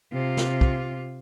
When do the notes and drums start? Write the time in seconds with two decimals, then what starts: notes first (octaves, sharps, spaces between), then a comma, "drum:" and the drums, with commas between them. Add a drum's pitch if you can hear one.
0.13 C3 F4
0.37 drum: snare
0.61 drum: kick